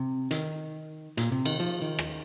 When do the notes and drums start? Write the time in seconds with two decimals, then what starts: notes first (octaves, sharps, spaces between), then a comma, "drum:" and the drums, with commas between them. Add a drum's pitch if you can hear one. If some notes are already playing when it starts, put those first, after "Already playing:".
Already playing: C3
0.31 D#3, drum: hi-hat
1.17 A#2, drum: hi-hat
1.32 C3
1.46 D#3, drum: cymbal
1.60 F3
1.82 D#3
1.99 drum: rim click